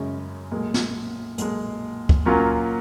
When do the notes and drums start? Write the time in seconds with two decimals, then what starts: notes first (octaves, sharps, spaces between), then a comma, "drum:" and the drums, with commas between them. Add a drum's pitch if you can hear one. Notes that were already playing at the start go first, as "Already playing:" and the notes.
Already playing: F#2 C#3 G#3 C#4
0.51 B1 A#2 G#3
0.74 drum: snare
1.38 B1 A#2 G#3, drum: hi-hat
2.09 drum: kick
2.25 A#2 F#3 A#3 C#4 F4